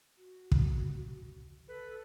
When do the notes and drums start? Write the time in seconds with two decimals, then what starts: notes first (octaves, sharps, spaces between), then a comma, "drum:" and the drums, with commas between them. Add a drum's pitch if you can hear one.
0.18 F#4
0.52 drum: kick
1.68 A4 B4